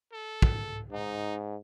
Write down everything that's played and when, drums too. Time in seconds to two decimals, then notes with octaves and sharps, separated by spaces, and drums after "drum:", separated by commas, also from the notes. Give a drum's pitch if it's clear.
0.13 A4
0.42 drum: kick
0.92 G#2 D#4